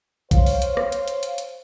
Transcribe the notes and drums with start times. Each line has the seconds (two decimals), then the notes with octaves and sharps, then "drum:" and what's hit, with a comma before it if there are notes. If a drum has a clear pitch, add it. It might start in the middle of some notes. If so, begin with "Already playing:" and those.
0.31 C5 C#5 F5, drum: kick B1, hi-hat
0.46 drum: open hi-hat
0.62 drum: hi-hat
0.77 drum: rim click
0.92 drum: hi-hat
1.08 drum: hi-hat
1.23 drum: hi-hat
1.38 drum: hi-hat